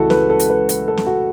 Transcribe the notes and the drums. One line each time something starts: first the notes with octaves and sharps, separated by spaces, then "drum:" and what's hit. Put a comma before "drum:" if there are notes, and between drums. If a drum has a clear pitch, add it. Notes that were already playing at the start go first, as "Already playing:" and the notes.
Already playing: C#2 C#3 E3 A3 E4 F#4 A4
B4, drum: snare
A4
drum: hi-hat
B4
B4, drum: hi-hat
A4
drum: snare
F#4